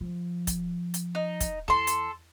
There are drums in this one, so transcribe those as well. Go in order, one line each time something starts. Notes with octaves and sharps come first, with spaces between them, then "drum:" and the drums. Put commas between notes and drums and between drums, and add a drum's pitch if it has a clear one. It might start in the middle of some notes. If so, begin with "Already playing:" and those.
F3
drum: kick, hi-hat
drum: hi-hat
D#4
drum: kick, hi-hat
E2 A4 C6
drum: hi-hat